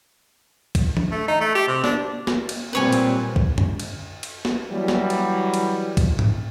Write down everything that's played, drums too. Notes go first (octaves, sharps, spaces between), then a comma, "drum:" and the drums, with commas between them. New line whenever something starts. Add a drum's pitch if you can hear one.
drum: kick, cymbal
drum: tom E3
A3
D#4
A3
G4
C3
D4, drum: snare
drum: snare
drum: cymbal
A#2 G3 C4 B4 C#5 G#5
drum: cymbal
drum: kick
drum: tom F#2
drum: cymbal
drum: cymbal
drum: snare
E3 F#3 G3
drum: snare
drum: cymbal
drum: cymbal
drum: kick, cymbal
drum: tom G#2